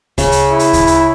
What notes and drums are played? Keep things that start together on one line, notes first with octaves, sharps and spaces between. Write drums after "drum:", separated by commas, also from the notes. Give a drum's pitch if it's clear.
C#3, drum: kick D2, hi-hat
drum: hi-hat
E4
drum: hi-hat
drum: kick D2, hi-hat
drum: hi-hat